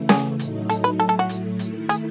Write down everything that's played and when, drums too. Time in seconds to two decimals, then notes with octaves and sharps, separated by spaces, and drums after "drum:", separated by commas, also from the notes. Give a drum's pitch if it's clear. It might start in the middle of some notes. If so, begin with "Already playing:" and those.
Already playing: C#3 E3 A3
0.09 G#4, drum: snare C#4
0.39 A2 F#3 A3 D#4, drum: hi-hat
0.70 A4, drum: hi-hat
0.84 B4
0.99 A2 F#3 A3 A4
1.09 A4
1.19 F#4
1.29 drum: hi-hat
1.59 D#3 A3 E4, drum: hi-hat
1.89 G#4, drum: hi-hat